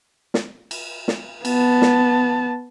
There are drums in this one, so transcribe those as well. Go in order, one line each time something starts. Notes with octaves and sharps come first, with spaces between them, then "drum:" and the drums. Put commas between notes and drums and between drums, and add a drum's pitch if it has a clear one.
drum: snare
drum: cymbal
drum: snare
B3 A5, drum: cymbal
drum: snare